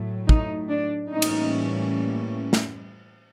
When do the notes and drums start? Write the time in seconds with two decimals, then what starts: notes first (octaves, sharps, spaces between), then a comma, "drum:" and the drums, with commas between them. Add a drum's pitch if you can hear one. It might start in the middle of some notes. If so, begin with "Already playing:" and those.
Already playing: A2 F#3 A3
0.29 D#4, drum: kick
0.70 D4
1.11 A2 E3 G3 A#3 C#4 D#4
1.22 drum: cymbal
2.53 drum: snare